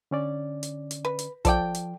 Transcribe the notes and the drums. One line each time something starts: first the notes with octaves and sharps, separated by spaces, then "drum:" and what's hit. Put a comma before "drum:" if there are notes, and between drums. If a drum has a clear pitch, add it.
D3 C#4 D5
drum: hi-hat
drum: hi-hat
B4
drum: hi-hat
F3 A4 D5 G5, drum: kick, hi-hat
drum: hi-hat